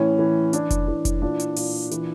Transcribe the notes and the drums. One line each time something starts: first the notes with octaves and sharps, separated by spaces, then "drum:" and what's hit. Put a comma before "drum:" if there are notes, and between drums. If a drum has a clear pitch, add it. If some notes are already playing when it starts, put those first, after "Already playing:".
Already playing: A2 E3 C#4
E3
E3 D4, drum: hi-hat
drum: kick F1, hi-hat
E3
drum: kick F1, hi-hat
A#2 D4
drum: hi-hat
A#2, drum: open hi-hat
E3, drum: hi-hat